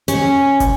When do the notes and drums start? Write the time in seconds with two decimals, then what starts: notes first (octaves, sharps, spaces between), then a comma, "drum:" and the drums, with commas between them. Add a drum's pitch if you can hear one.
0.08 C#4, drum: hi-hat
0.60 drum: kick, hi-hat